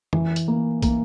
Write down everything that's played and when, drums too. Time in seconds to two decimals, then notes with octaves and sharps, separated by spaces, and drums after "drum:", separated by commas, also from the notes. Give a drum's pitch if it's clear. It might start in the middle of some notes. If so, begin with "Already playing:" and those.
0.13 E3, drum: tom
0.36 drum: hi-hat
0.48 A#3
0.82 A#3, drum: kick, hi-hat